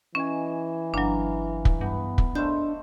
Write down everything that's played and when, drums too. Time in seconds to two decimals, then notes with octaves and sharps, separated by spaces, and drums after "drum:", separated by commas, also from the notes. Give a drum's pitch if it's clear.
0.15 E3 C#4 D#5 G#5
0.94 G1 F#3 D4 F5 A#5
1.65 drum: kick
1.81 G2 B3
2.18 drum: kick
2.35 A3 D4 C5 D#5 G6